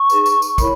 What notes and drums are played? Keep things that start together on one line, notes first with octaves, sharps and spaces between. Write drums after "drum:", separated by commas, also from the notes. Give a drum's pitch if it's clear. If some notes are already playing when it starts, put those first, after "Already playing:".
Already playing: C#6
D#4 G#4 B4, drum: tambourine
drum: tambourine
drum: tambourine
E4 A#4 C#5 B5, drum: kick, tambourine